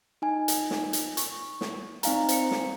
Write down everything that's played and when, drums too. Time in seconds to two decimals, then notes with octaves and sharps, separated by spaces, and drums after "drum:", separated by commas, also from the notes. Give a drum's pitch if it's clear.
0.22 D#4 G#5
0.48 drum: hi-hat
0.71 drum: snare
0.93 drum: hi-hat
1.17 C#6, drum: hi-hat
1.61 drum: snare
2.03 C4 D#4 D5 F5 G#5 A#5, drum: hi-hat
2.29 C5 C#7, drum: hi-hat
2.51 drum: snare